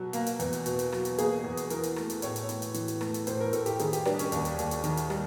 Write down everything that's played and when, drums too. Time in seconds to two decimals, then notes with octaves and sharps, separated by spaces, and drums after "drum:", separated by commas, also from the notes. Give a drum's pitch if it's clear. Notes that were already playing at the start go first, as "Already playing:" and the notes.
Already playing: B2 F#3
0.13 A#3, drum: hi-hat
0.26 drum: hi-hat
0.40 E2, drum: hi-hat
0.53 drum: hi-hat
0.66 B2, drum: hi-hat
0.79 drum: hi-hat
0.92 F#3, drum: rim click
1.05 drum: hi-hat
1.18 A#3 G#4, drum: hi-hat
1.44 E2
1.57 drum: hi-hat
1.70 E3 A#4, drum: hi-hat
1.83 drum: hi-hat
1.96 A3, drum: rim click
2.10 drum: hi-hat
2.22 A2 C#5, drum: hi-hat
2.36 drum: hi-hat
2.49 A2, drum: hi-hat
2.62 drum: hi-hat
2.74 E3, drum: hi-hat
2.88 drum: hi-hat
3.01 A3, drum: rim click
3.14 drum: hi-hat
3.27 A2 C5, drum: hi-hat
3.40 A#4
3.53 A2 A4, drum: hi-hat
3.66 G4, drum: hi-hat
3.79 D#3 G#4, drum: hi-hat
3.93 G4, drum: hi-hat
4.05 G3 D4, drum: rim click
4.19 C#4, drum: hi-hat
4.32 D#2, drum: hi-hat
4.45 drum: hi-hat
4.59 D#2, drum: hi-hat
4.71 drum: hi-hat
4.84 D#3, drum: hi-hat
4.97 drum: hi-hat
5.10 G3, drum: rim click